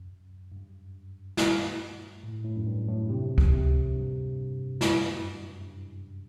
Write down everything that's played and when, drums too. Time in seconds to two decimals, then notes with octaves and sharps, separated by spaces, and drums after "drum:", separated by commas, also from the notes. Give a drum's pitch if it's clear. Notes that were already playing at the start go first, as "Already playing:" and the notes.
Already playing: F#2
0.52 G2
1.37 drum: snare
2.23 A2
2.44 A2
2.56 F#2
2.66 G2
2.88 A2
3.09 C3
3.38 drum: kick C#2
3.52 C3
3.96 G2
4.81 F#2, drum: snare
5.24 G2